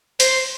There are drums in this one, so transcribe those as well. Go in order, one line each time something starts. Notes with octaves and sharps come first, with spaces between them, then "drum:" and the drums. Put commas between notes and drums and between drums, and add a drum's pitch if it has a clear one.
C5, drum: hi-hat